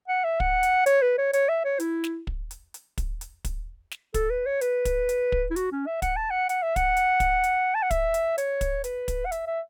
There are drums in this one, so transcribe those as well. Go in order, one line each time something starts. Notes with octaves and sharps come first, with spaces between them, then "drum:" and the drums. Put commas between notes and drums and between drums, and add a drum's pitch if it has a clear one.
F#5
E5
F#5, drum: kick
drum: hi-hat
C#5, drum: hi-hat
B4
C#5
C#5, drum: hi-hat
E5
C#5
E4, drum: hi-hat
drum: snare
drum: kick
drum: hi-hat
drum: hi-hat
drum: kick, hi-hat
drum: hi-hat
drum: kick, hi-hat
drum: snare
A4, drum: kick, hi-hat
B4
C#5
B4, drum: hi-hat
drum: kick, hi-hat
drum: hi-hat
drum: kick
E4
F#4, drum: hi-hat
C#4
E5
F#5, drum: kick, hi-hat
A5
F#5
F#5, drum: hi-hat
E5
F#5, drum: kick, hi-hat
drum: hi-hat
drum: kick, hi-hat
drum: hi-hat
A5
F#5
E5, drum: kick, hi-hat
drum: hi-hat
C#5, drum: hi-hat
drum: kick, hi-hat
B4, drum: hi-hat
drum: kick, hi-hat
F#5
E5, drum: hi-hat
E5